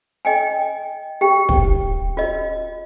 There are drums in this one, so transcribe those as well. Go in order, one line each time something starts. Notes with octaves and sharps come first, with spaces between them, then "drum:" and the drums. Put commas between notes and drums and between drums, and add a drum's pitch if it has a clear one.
D#5 G5 G#5
G4 G5
drum: kick
F4 D#5